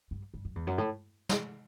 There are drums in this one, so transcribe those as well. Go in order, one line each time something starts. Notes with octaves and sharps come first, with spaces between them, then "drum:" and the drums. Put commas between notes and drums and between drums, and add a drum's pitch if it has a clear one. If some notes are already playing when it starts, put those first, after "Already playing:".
G2
G2
F#2
E2
F#2
A2
drum: snare